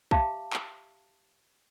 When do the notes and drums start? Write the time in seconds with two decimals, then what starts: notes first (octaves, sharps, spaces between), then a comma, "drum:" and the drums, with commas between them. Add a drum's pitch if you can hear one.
0.11 G4 E5 F5 A5 D6, drum: kick
0.53 drum: clap